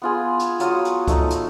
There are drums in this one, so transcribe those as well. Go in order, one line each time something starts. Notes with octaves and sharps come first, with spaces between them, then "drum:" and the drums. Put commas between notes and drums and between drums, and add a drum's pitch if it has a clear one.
B3 F4 G#4
drum: hi-hat
F#3 F4 F#4 D#6, drum: hi-hat
drum: hi-hat
A3 D#4, drum: kick C#2, hi-hat
drum: hi-hat